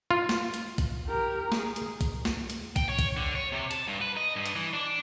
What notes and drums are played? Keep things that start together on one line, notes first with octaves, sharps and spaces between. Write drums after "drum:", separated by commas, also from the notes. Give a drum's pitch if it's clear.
F4
drum: snare
drum: hi-hat
drum: kick, hi-hat
G4 A#4
G#4, drum: snare
drum: hi-hat
drum: kick, hi-hat
drum: snare
drum: hi-hat
G5, drum: kick, hi-hat
C#5
drum: kick, hi-hat
D3
C#5
C3
A5, drum: hi-hat
G2
B4
D#5
G2
drum: hi-hat
E3
D4